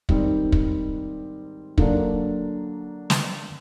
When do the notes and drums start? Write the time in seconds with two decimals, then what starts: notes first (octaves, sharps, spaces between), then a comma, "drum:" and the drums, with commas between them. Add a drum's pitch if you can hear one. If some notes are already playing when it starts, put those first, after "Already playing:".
0.09 G#2 D#3 G3 C4, drum: kick
0.52 drum: kick
1.78 D3 F#3 A#3 D4, drum: kick
3.10 drum: snare